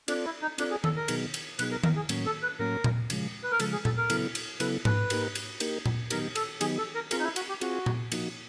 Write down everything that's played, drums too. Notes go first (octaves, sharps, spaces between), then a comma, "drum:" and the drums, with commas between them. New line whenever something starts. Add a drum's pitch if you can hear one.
C4 D4 F4 A4 D5, drum: cymbal
E4
D#4
C4 D4 F4 A4 D5, drum: cymbal
G#4
A4, drum: tom D#3
A#4
B2 F#3 B3 D#4 G#4, drum: cymbal
drum: cymbal
B2 F#3 B3 D#4 G#4 B4, drum: cymbal
A#4
A#4, drum: tom D#3
G#4
A2 F#3 A#3 C#4, drum: cymbal
A4
B4
A2 F#3 A#3 C#4 A#4
drum: tom A#2
C#3 F3 G#3, drum: cymbal
B4
A#4
C#3 F3 G#3 A4, drum: cymbal
G#4
A4, drum: tom A#2
A#4
C#3 F#3 B3 E4 A4, drum: cymbal
drum: cymbal
C#3 F#3 B3 E4 A4 B4, drum: cymbal
B4, drum: tom G#2
A#3 D#4 G4 A#4, drum: cymbal
drum: cymbal
A#3 D#4 G4 A#4, drum: cymbal
drum: tom A#2
D#3 F#3 B3 D#4 G4 A#4, drum: cymbal
A4, drum: cymbal
D#3 F#3 B3 D#4 G4 G#4, drum: cymbal
A4
A#4
C4 F4 G#4 A#4, drum: cymbal
D#4
E4
F#4, drum: cymbal
G4
C4 F4 F#4 G#4, drum: cymbal
drum: tom A#2
F3 A#3 D#4 F#4, drum: cymbal